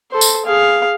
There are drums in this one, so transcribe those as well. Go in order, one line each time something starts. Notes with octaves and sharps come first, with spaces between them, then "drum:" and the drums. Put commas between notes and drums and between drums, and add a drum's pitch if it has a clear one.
A4 C5
drum: tambourine
G#4 F5